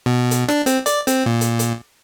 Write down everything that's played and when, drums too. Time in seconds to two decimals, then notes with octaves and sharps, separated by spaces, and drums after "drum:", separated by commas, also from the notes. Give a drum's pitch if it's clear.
0.06 B2
0.31 drum: hi-hat
0.49 D4, drum: rim click
0.66 C4, drum: hi-hat
0.86 D5, drum: hi-hat
1.07 C4, drum: hi-hat
1.26 A#2
1.41 drum: hi-hat
1.59 drum: hi-hat